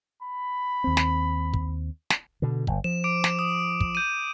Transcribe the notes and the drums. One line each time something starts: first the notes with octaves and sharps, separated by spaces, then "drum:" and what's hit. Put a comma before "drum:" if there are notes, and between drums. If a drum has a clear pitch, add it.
B5
D#2 C4
drum: snare
drum: kick
drum: snare
B2 D3
G1, drum: kick
F3 E7
D6 D7
drum: snare
D#6
drum: kick
G6 D#7